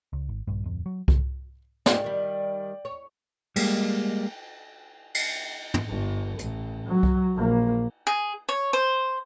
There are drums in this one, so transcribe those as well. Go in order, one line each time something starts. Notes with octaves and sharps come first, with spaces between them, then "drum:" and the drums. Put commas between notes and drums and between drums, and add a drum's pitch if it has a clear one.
C#2
G#1
A#1 G2
D1 F2
F#3
D1 C#2, drum: kick C2
D#3 G#3 D5 G5, drum: snare
D#3 G3
C#5
G3 G#3 A#3, drum: cymbal
drum: cymbal
drum: tom
G1
A1, drum: hi-hat
F#3
drum: kick C2
A#1 A#3
G#4
C#5
C5